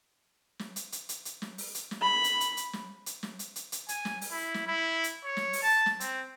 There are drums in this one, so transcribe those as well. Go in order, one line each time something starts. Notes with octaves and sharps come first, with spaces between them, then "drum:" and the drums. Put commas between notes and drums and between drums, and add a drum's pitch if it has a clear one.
drum: snare
drum: hi-hat
drum: hi-hat
drum: hi-hat
drum: hi-hat
drum: snare
drum: open hi-hat
drum: hi-hat
drum: snare
B5
drum: hi-hat
drum: hi-hat
drum: hi-hat
drum: snare
drum: hi-hat
drum: snare
drum: hi-hat
drum: hi-hat
drum: hi-hat
G#5, drum: hi-hat
drum: snare
drum: open hi-hat
E4
drum: snare
E4
drum: hi-hat
C#5
drum: snare
drum: open hi-hat
A5
drum: snare
C4, drum: hi-hat